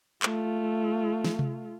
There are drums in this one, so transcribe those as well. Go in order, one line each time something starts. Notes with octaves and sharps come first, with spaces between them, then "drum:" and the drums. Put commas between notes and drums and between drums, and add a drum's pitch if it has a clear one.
A3 F4, drum: clap
drum: snare
drum: tom C3